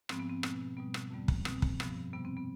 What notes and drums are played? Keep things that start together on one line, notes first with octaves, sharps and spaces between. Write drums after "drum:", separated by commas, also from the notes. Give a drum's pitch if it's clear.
G#2 F3 G#3 B3 C4, drum: rim click
B3
C4
B2 G#3 B3, drum: rim click
B2 G3 B3
drum: rim click
F2 D3 G3 B3
drum: kick
B2 G#3 B3 C4, drum: rim click
drum: kick
G2 F3 B3, drum: rim click
C3 G3 B3
C4
B3